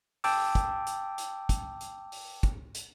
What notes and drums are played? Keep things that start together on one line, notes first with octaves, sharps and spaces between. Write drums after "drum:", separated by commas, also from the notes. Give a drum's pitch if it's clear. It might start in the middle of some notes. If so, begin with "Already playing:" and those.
G5 A5 D6 E6, drum: open hi-hat
drum: kick, hi-hat
drum: hi-hat
drum: hi-hat
drum: kick, hi-hat
drum: hi-hat
drum: open hi-hat
drum: kick, hi-hat
drum: hi-hat